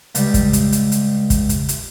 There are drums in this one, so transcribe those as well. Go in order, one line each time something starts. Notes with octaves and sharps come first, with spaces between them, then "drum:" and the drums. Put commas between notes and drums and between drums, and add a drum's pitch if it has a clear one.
C#2 G3, drum: hi-hat
drum: kick, hi-hat
drum: hi-hat
drum: hi-hat
drum: hi-hat
drum: kick, hi-hat
drum: hi-hat
drum: hi-hat